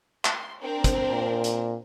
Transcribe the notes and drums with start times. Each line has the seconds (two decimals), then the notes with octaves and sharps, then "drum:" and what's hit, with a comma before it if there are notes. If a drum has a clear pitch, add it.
0.25 C6, drum: clap
0.60 C4 D4 A#4
0.84 drum: kick, hi-hat
1.10 A#2
1.44 drum: hi-hat